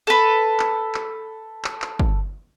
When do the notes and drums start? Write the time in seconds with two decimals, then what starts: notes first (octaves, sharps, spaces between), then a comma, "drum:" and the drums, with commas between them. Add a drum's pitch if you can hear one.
0.07 A4 B4
0.60 drum: clap
0.95 drum: clap
1.65 drum: clap
1.82 drum: clap
1.99 drum: kick